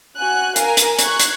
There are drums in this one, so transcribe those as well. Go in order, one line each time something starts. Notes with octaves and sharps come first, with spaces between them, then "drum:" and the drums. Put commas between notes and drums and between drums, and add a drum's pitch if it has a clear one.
F#4 G#5 F#6
A#4 F5 G#5, drum: hi-hat
drum: hi-hat
C#6 F#6 G#6, drum: hi-hat
drum: hi-hat